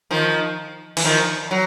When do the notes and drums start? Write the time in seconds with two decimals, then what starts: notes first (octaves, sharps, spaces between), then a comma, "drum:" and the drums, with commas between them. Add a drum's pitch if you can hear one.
0.11 D#3 F3
0.97 E3, drum: cymbal
1.04 D#3 F3
1.51 F#3